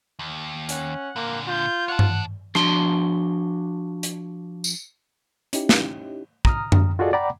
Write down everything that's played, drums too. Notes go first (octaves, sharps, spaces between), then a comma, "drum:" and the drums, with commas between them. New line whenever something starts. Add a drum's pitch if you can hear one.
D#2
C#4 F#5, drum: hi-hat
A#2 D3 A#3
F4 G6
C#5 F#5 A5
drum: tom G2
F3 D4 F#4 C6, drum: rim click
drum: hi-hat
drum: tambourine
C#4 D#4 E4 G4, drum: hi-hat
drum: snare
A#5 D#6 F6, drum: kick
drum: tom F#2
F4 F#4 G#4 A4 D5 D#5
D5 F#5 G5 A#5 B5 D6